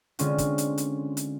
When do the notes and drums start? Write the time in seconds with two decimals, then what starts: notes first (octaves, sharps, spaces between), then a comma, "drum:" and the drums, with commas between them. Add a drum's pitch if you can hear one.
0.19 D3 G#3 C4 C#4 F4, drum: hi-hat
0.38 drum: kick, hi-hat
0.58 drum: hi-hat
0.78 drum: hi-hat
1.17 drum: hi-hat